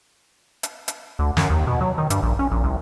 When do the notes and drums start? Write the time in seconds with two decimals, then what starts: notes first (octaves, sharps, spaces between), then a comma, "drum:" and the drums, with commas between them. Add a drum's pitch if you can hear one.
0.63 drum: hi-hat
0.88 drum: hi-hat
1.19 D2
1.37 F#2, drum: snare
1.50 D#2
1.67 B2
1.81 F#3
1.98 D#3
2.10 G2, drum: hi-hat
2.23 A#1
2.39 C#4
2.52 A#1
2.64 C2